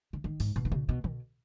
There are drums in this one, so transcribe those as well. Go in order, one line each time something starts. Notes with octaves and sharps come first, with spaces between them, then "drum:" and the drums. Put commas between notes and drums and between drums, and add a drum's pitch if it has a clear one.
C#3
D#3
G#2, drum: open hi-hat
B2
D#3
C#3, drum: tom A#2
B2
B2, drum: tom D3